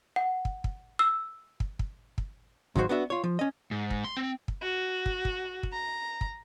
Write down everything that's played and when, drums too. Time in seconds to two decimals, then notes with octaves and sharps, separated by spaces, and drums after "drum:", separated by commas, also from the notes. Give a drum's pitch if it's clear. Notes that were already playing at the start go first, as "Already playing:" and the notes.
0.16 F#5
0.45 drum: kick
0.64 drum: kick
0.99 E6
1.60 drum: kick
1.79 drum: kick
2.18 drum: kick
2.76 C#2 G#2 D#3 F#3 F#4 C5, drum: kick
2.89 B3 D4 F#4 E5
3.10 F4 C#5
3.24 F3
3.39 C#4 D#5
3.71 G#2
3.91 drum: kick
4.04 C6
4.17 C4
4.48 drum: kick
4.63 F#4
5.06 drum: kick
5.25 drum: kick
5.63 drum: kick
5.72 A#5
6.21 drum: kick